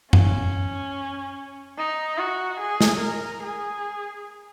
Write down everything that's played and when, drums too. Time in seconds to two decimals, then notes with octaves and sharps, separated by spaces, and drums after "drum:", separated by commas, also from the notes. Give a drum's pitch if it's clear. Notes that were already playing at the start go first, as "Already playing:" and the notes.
0.13 C#4, drum: tom F#2
1.78 D#4
2.18 F#4
2.60 G#4
2.81 drum: snare
3.00 A#4
3.43 G#4